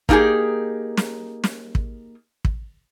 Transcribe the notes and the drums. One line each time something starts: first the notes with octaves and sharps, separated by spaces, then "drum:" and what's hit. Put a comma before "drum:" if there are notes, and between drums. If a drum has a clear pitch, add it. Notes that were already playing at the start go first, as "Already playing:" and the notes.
A#3 D#4 F4 G4 G#4, drum: kick
drum: snare
drum: snare
drum: kick
drum: kick